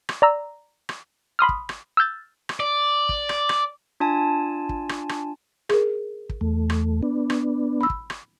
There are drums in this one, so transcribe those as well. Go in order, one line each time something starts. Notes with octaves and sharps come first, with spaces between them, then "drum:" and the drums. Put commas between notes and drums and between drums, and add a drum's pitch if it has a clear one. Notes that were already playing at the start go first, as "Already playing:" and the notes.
drum: rim click
D5 A#5 E6
drum: rim click
B5 C6 D#6 F6
drum: kick
drum: rim click
E6 F6 G6 A6
drum: rim click
D5
drum: kick
drum: rim click
drum: rim click
D4 F4 G#5 A5
drum: kick
drum: rim click
drum: rim click
G#4 A#4, drum: rim click
drum: kick
E2 A3
drum: rim click
B3 D4
drum: rim click
B5 E6
drum: kick
drum: rim click